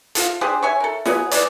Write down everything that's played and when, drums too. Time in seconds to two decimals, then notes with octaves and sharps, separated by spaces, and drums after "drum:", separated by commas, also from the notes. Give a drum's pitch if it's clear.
0.15 F4 A4, drum: hi-hat
0.41 D4 G4 G#4 C5
0.63 C#5 E5 G#5
0.80 A4 A#4
1.06 F#3 B3 G#4, drum: snare
1.31 E3 G#3 A3 D5, drum: hi-hat